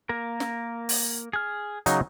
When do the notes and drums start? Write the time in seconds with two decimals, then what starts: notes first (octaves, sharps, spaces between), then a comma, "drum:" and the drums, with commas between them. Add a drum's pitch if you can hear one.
0.09 A#3 A#4
0.40 drum: snare
0.89 drum: open hi-hat
1.33 G#4 F6
1.86 C#3 F#3 D#4, drum: hi-hat